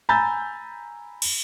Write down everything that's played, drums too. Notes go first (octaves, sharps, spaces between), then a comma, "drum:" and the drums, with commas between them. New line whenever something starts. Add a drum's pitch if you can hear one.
G#5 A#5 B5 E6 G6 A6
drum: cymbal